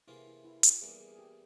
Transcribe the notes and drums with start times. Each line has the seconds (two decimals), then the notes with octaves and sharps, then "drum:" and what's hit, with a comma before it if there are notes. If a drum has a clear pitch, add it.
0.08 C3 E3 A#3 E4 F4 G#4
0.27 E4
0.45 E4
0.63 G4, drum: hi-hat
0.82 E2 E3 G3 A#3 G#4
1.00 G#4
1.12 G#4
1.18 G4